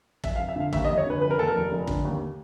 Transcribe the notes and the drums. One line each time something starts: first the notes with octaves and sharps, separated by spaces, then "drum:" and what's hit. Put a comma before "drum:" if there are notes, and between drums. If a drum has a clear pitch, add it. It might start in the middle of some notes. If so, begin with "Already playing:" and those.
F1 E5, drum: kick
F5
F1
E5
D3 F5
D#2 E5, drum: kick
D#5
F1
C#5
D3 B4
F1 B4
A#4
D#2 A4
A#4
F1
F1
D3, drum: kick
D#2